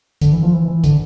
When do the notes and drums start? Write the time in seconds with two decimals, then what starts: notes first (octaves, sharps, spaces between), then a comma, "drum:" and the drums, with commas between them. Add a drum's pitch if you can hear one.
0.21 D3, drum: kick, hi-hat
0.32 E3
0.43 F3
0.53 E3
0.68 E3
0.84 D3, drum: kick, hi-hat